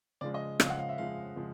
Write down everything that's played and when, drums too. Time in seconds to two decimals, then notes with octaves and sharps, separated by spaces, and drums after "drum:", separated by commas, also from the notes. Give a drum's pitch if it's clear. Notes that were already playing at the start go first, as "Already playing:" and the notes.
0.21 C#3 F3 G#3 D5
0.34 D#5
0.60 C#3 F3 G#3 F5, drum: rim click
0.70 F#5
0.79 F5
0.89 E5
0.98 C#3 F3 G#3 F5
1.36 C#3 F3 G#3